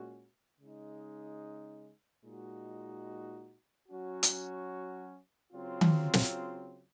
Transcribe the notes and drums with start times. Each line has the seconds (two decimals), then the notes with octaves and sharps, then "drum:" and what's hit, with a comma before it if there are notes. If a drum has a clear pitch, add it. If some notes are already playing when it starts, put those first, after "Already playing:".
Already playing: A#2 G#3 C#4 F#4
0.60 C#3 G#3 D#4
2.24 A#2 G#3 D#4 F#4
3.88 F#3 C#4 F#4
4.23 drum: hi-hat
5.52 C#3 F#3 C4 F4
5.81 drum: tom D#3
6.14 drum: snare